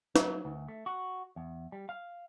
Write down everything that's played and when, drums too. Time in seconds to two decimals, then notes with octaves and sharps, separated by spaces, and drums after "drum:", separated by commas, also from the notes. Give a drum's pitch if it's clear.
0.16 F#3, drum: snare
0.45 D2
0.68 A3
0.86 F#4
1.36 E2
1.72 G3
1.89 F5